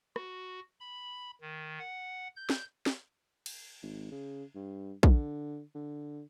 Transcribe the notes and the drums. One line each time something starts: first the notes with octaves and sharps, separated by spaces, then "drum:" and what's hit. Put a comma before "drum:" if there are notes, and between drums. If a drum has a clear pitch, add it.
F#4, drum: rim click
B5
D#3
F#5
G6
drum: snare
drum: snare
drum: cymbal
G#1
C#3
G2
D3, drum: kick A#1
D3